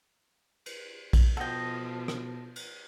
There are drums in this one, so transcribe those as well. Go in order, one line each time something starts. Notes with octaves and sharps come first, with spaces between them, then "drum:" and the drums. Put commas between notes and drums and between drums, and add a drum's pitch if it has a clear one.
drum: cymbal
drum: kick A#1, cymbal
B2 F3 A4 D#5 F#5 G5
drum: rim click
drum: cymbal